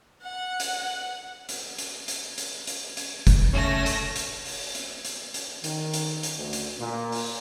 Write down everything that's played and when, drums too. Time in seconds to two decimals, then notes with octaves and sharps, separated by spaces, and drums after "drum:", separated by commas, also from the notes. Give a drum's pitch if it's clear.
0.23 F#5
0.60 drum: hi-hat
1.49 drum: hi-hat
1.78 drum: hi-hat
2.08 drum: hi-hat
2.38 drum: hi-hat
2.67 drum: hi-hat
2.97 drum: hi-hat
3.27 drum: kick F1, hi-hat
3.53 C#3 A3 C#4 A#6
3.86 drum: hi-hat
4.16 drum: hi-hat
4.45 drum: open hi-hat
4.75 drum: hi-hat
5.05 drum: hi-hat
5.34 drum: hi-hat
5.64 D#3, drum: hi-hat
5.94 drum: hi-hat
6.23 drum: hi-hat
6.37 D2
6.53 drum: hi-hat
6.79 A#2
7.12 drum: open hi-hat